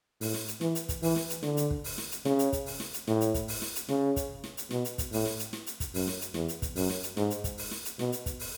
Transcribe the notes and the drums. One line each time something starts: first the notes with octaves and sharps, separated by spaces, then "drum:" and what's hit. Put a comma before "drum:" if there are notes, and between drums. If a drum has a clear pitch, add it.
A2, drum: open hi-hat
drum: snare
drum: hi-hat
E3, drum: snare
drum: hi-hat
drum: kick, hi-hat
E3, drum: open hi-hat
drum: snare
drum: hi-hat
D3, drum: snare
drum: hi-hat
drum: kick
drum: open hi-hat
drum: snare
drum: hi-hat
C#3, drum: snare
drum: hi-hat
drum: kick, hi-hat
drum: open hi-hat
drum: snare
drum: hi-hat
A2, drum: snare
drum: hi-hat
drum: kick, hi-hat
drum: open hi-hat
drum: snare
drum: hi-hat
C#3, drum: snare
drum: kick, hi-hat
drum: snare
drum: hi-hat
B2, drum: snare
drum: hi-hat
drum: kick, hi-hat
A2, drum: open hi-hat
drum: snare
drum: hi-hat
drum: snare
drum: hi-hat
drum: kick, hi-hat
F#2, drum: open hi-hat
drum: snare
drum: hi-hat
E2, drum: snare
drum: hi-hat
drum: kick, hi-hat
F#2, drum: open hi-hat
drum: snare
drum: hi-hat
G#2, drum: snare
drum: hi-hat
drum: kick, hi-hat
drum: open hi-hat
drum: snare
drum: hi-hat
B2, drum: snare
drum: hi-hat
drum: kick, hi-hat
drum: open hi-hat